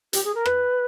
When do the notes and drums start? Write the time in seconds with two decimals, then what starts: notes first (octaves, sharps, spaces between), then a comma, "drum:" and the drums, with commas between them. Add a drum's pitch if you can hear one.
0.13 G4, drum: hi-hat
0.24 G#4
0.35 A#4
0.46 B4, drum: rim click